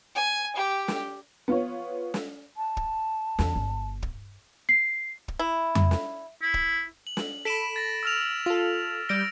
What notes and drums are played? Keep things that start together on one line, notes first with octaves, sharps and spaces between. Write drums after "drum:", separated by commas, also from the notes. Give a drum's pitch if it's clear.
G#5
G4
drum: snare
B3 F4 C#5
drum: snare
A5
drum: kick
E2, drum: snare
G1
drum: kick
C7
drum: kick
E4
drum: tom F2
drum: snare
E4
drum: kick
F#7
drum: snare
A4 B5 B6 D7 E7
A6 A#6
E6 F6 F7
F4 A4
G3 G6 A#6 D7